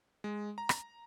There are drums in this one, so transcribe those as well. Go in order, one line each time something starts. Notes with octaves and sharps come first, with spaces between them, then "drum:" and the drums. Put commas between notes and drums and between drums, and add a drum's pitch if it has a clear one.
G#3
A#5
drum: rim click